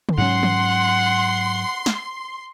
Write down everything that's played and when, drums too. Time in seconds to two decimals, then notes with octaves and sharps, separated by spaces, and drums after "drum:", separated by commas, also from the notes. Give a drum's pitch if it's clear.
0.09 drum: tom
0.18 G#2 F#3 C#4 F#5 C6
0.43 drum: tom
1.86 drum: snare